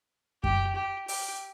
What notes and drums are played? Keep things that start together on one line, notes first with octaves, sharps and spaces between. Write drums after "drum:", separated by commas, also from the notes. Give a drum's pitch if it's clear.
G4, drum: kick F#2
G4
G4, drum: open hi-hat